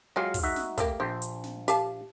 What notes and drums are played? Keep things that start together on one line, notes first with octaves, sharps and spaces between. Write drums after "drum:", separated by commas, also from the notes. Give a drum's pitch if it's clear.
F#3 G#3 F4 G4 G#4 F5
drum: kick, open hi-hat
D#4 F#4 E5
drum: snare
A3 A#3 G4, drum: kick, hi-hat
A#1 G4 C5
drum: hi-hat
drum: snare
G4 F5 A5, drum: hi-hat